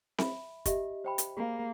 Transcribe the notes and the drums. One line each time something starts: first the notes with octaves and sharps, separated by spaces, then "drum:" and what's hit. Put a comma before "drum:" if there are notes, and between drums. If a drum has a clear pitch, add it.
E5 B5, drum: snare C4
G4 D#5 E5, drum: kick, hi-hat
C5 G5 B5
drum: hi-hat
A#3 G#4